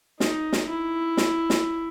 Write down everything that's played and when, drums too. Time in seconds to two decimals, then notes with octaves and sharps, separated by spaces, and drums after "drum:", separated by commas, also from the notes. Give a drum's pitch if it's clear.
0.20 D#4, drum: snare
0.53 drum: snare
0.69 E4
1.17 drum: snare
1.50 drum: snare